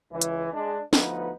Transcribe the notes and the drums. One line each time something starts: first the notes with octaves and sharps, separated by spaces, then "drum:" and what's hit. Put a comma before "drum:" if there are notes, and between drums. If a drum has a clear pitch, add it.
C#2 E3
drum: hi-hat
G#3 D4
D2 F3 B3 D#4 B4, drum: snare